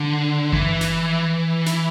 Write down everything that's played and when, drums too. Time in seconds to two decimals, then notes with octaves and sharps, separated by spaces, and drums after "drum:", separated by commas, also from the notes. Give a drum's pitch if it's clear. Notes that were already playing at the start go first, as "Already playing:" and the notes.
Already playing: D3
0.52 E3, drum: kick G1
0.81 drum: snare
1.66 drum: snare